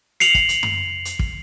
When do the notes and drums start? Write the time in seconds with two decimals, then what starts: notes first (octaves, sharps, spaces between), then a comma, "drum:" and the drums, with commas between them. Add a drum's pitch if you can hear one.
0.20 C7 C#7 F7 F#7, drum: hi-hat
0.35 drum: kick
0.49 drum: hi-hat
0.63 drum: tom F#2
1.05 drum: hi-hat
1.19 drum: kick